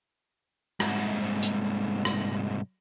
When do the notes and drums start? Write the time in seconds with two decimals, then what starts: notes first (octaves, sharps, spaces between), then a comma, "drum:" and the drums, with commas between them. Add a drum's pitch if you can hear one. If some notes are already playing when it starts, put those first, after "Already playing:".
0.80 C2 G#2, drum: rim click
1.43 drum: hi-hat
2.05 drum: rim click